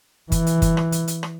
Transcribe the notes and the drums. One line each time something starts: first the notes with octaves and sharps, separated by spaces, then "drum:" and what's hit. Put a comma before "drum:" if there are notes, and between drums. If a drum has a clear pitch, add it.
E3, drum: kick F#1, hi-hat
drum: hi-hat
drum: kick F#1, hi-hat
drum: rim click
drum: hi-hat
drum: hi-hat
drum: rim click